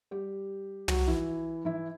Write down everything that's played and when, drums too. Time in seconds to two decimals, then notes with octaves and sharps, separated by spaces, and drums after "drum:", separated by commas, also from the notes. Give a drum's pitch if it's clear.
0.11 G3 G4
0.88 F#3 F#4, drum: tom
1.07 E3 E4
1.65 E3 E4